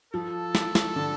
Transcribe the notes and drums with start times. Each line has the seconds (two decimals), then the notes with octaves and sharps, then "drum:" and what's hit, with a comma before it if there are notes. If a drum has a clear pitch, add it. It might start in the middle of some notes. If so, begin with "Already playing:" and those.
0.13 F3 A4
0.55 drum: snare
0.75 drum: snare
0.96 D3